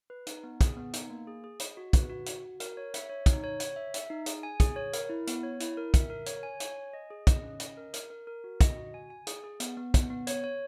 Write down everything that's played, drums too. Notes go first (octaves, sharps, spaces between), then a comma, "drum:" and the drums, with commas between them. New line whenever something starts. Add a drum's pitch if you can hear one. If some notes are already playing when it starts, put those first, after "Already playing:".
B4
D#4, drum: hi-hat
B3
G#4, drum: kick, hi-hat
B3
D#4, drum: hi-hat
A#3
G#4
G#4
D#5, drum: hi-hat
F#4
B4, drum: kick, hi-hat
F#4
F#4, drum: hi-hat
F#4
A#4, drum: hi-hat
C#5
E5, drum: hi-hat
C#5
D#4, drum: kick, hi-hat
C#5
C#5, drum: hi-hat
E5
E5, drum: hi-hat
D#4
G#4, drum: hi-hat
G#5
G#4, drum: kick, hi-hat
C#5
A#4, drum: hi-hat
E4
B3, drum: hi-hat
C#5
E4, drum: hi-hat
A#4
E5, drum: kick, hi-hat
A#4
C#5, drum: hi-hat
G#5
C#5, drum: hi-hat
G#5
D#5
G#4
D#5, drum: kick, hi-hat
C#4
D#5, drum: hi-hat
A#4
A#4, drum: hi-hat
A#4
A#4
F#4
D#5, drum: kick, hi-hat
F#4
G#5
G#5
G#4, drum: hi-hat
G#4
B3, drum: hi-hat
B3
B3, drum: kick, hi-hat
B3
C#5, drum: hi-hat
C#5